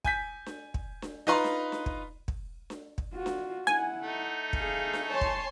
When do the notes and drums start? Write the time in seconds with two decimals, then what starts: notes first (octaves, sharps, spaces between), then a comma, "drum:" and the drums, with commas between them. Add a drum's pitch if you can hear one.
0.05 G#5 G6 B6, drum: kick
0.46 drum: snare D4
0.74 drum: kick
1.02 drum: snare D4
1.27 D#4 F4 B4 A#5 C6
1.44 drum: snare D4
1.72 drum: snare D4
1.86 drum: kick
2.28 drum: kick
2.70 drum: snare D4
2.98 drum: kick
3.13 F4 F#4
3.26 drum: snare D4
3.67 E4 F#5 G#5, drum: snare D4
4.02 A3 D#4
4.53 G#4 F5, drum: kick
4.93 drum: snare D4
5.09 C#5 G#5 A5 C6
5.21 drum: kick